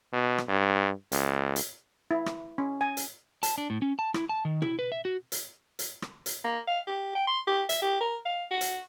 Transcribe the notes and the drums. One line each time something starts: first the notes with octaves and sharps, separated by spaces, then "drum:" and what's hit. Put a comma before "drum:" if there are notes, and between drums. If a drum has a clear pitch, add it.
B2
drum: rim click
G2
C#2, drum: hi-hat
drum: hi-hat
E4
drum: rim click
C#4
G#5
drum: hi-hat
A5, drum: hi-hat
D4
A2
C#4
A5
E4, drum: rim click
A5
D#3
E4, drum: tom
B4
E5
F#4
drum: hi-hat
drum: hi-hat
drum: rim click
drum: hi-hat
A#3
F5
G4
G5
C6
G4
E5, drum: hi-hat
G4
A#4
F5
F#4
drum: hi-hat